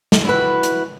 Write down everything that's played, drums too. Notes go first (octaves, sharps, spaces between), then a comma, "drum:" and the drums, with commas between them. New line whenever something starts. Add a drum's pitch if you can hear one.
drum: snare
E4 F#4 B4
drum: hi-hat